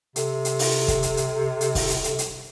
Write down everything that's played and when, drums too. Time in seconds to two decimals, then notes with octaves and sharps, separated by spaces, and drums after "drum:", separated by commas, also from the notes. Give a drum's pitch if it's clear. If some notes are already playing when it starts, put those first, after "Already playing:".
0.16 C3 A4, drum: hi-hat
0.45 drum: hi-hat
0.59 drum: open hi-hat
0.88 drum: kick, hi-hat
1.03 drum: hi-hat
1.17 drum: hi-hat
1.61 drum: hi-hat
1.75 drum: kick, open hi-hat
1.90 drum: hi-hat
2.04 drum: hi-hat
2.19 drum: hi-hat